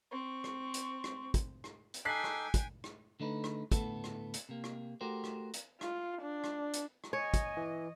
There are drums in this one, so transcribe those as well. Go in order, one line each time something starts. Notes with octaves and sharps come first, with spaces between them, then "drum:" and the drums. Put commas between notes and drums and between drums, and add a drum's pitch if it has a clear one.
C4 C#6
drum: rim click
drum: hi-hat
drum: rim click
drum: kick, hi-hat
drum: rim click
drum: hi-hat
D#4 A4 G5 G#5 D6 F#6 B6 C7
drum: rim click
drum: kick, hi-hat
drum: rim click
D3 A3 D#4 B4
drum: rim click
D2 A2 A3 B3 A4, drum: kick, hi-hat
drum: rim click
drum: hi-hat
C3 A#3
drum: rim click
A3 F#4 G4 A#4 C5
drum: rim click
drum: hi-hat
F4, drum: rim click
D4
drum: rim click
drum: hi-hat
drum: rim click
C#5 D#5 G#5
drum: kick, hi-hat
E3